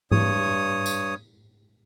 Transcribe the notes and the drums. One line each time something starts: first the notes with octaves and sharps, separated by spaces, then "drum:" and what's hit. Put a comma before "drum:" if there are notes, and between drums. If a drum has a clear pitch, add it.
G2 C#5 D#6, drum: tom G#2
drum: tambourine